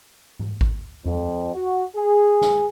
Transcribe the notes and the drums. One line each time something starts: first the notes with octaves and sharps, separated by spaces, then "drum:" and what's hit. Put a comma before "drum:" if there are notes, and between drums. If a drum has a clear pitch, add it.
drum: tom G#2
drum: kick G#1
F2, drum: tom E2
F#4
G#4
drum: snare